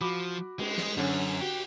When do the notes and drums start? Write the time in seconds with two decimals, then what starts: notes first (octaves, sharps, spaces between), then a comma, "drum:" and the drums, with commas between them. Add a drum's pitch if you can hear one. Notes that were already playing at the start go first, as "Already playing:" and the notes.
0.01 F3 F#4 B5 D6
0.59 G#3, drum: cymbal
0.78 drum: snare
0.97 F#2 D3 C#4
1.40 F#4 G4